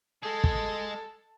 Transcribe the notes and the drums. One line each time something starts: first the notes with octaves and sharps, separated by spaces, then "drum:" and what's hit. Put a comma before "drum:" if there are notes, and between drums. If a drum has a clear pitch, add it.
G#3 G#4 A4
drum: kick